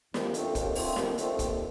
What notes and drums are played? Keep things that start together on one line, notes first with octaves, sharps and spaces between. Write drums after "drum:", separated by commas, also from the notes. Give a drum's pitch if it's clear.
D#2, drum: snare
D3 F3 A3 C4, drum: hi-hat
D#2, drum: kick, hi-hat
D3 F3 A3 C4, drum: open hi-hat
D#2, drum: snare
D3 F3 A3 C4, drum: hi-hat
D#2, drum: kick, hi-hat